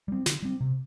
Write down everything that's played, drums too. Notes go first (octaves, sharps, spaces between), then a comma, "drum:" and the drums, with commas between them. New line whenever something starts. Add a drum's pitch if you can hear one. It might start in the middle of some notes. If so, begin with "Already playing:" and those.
G3 C4
D3, drum: snare
G3 C4
C3